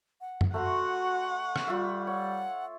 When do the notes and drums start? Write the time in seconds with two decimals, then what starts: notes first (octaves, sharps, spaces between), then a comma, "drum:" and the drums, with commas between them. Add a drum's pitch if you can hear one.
0.21 F#5
0.41 drum: tom F#2
0.54 A3 F#4 F#5 A#5 C6 C#6
1.56 drum: rim click
1.68 G3 F4 E5
2.07 C#5 F#5